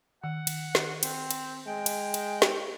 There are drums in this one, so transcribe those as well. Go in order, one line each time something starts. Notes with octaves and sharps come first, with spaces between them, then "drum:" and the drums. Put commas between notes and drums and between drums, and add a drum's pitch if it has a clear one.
D#3 F#5
drum: cymbal
drum: snare
C4, drum: cymbal
drum: cymbal
G#3 G5
drum: cymbal
drum: cymbal
drum: snare